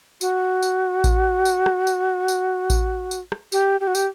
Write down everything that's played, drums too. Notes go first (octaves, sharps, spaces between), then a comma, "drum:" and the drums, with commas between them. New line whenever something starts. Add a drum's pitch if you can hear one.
F#4, drum: tambourine
drum: tambourine
drum: kick A1, tambourine
drum: tambourine
drum: rim click
drum: tambourine
drum: tambourine
drum: kick A1, tambourine
drum: tambourine
drum: rim click
G4, drum: tambourine
G4
F#4
G4, drum: tambourine